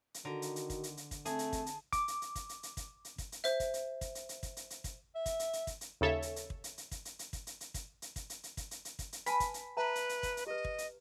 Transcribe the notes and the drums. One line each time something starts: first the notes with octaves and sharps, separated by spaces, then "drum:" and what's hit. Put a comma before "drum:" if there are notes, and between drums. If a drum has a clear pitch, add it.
drum: hi-hat
D3 D#3 F#4 A#5
drum: hi-hat
drum: hi-hat
drum: kick, hi-hat
drum: hi-hat
drum: hi-hat
drum: kick, hi-hat
A3 C4 G#4 A5, drum: hi-hat
drum: hi-hat
drum: kick, hi-hat
drum: hi-hat
D6, drum: kick, hi-hat
drum: hi-hat
drum: hi-hat
drum: kick, hi-hat
drum: hi-hat
drum: hi-hat
drum: kick, hi-hat
drum: hi-hat
drum: kick, hi-hat
drum: hi-hat
C5 E5, drum: hi-hat
drum: kick, hi-hat
drum: hi-hat
drum: kick, hi-hat
drum: hi-hat
drum: hi-hat
drum: kick, hi-hat
drum: hi-hat
drum: hi-hat
drum: kick, hi-hat
E5
drum: kick, hi-hat
drum: hi-hat
drum: hi-hat
drum: kick, hi-hat
drum: hi-hat
D#2 C#3 A4 C#5 E5
drum: hi-hat
drum: hi-hat
drum: kick
drum: hi-hat
drum: hi-hat
drum: kick, hi-hat
drum: hi-hat
drum: hi-hat
drum: kick, hi-hat
drum: hi-hat
drum: hi-hat
drum: kick, hi-hat
drum: hi-hat
drum: kick, hi-hat
drum: hi-hat
drum: hi-hat
drum: kick, hi-hat
drum: hi-hat
drum: hi-hat
drum: kick, hi-hat
drum: hi-hat
B4 G#5 A5 B5, drum: hi-hat
drum: kick, hi-hat
drum: hi-hat
B4 E5 A5 A#5
drum: hi-hat
drum: hi-hat
drum: kick, hi-hat
drum: hi-hat
G4 B4 D#5
drum: kick
drum: hi-hat